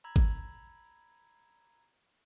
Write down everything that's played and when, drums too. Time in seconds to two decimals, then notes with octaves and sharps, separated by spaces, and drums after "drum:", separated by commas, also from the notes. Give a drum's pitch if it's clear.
0.04 A#5 B5 E6 G#6
0.16 drum: kick G#1